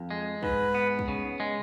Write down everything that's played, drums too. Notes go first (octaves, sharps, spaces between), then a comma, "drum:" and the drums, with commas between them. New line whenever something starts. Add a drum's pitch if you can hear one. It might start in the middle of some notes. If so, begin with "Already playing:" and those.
Already playing: F2
G#3
G#2 B4, drum: kick
B3
drum: kick
C#3
G#3